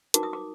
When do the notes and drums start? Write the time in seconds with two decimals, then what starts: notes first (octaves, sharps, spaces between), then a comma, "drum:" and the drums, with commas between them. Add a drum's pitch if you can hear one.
0.14 D#4 F#4 A#4 D6, drum: hi-hat
0.23 D#6
0.33 D6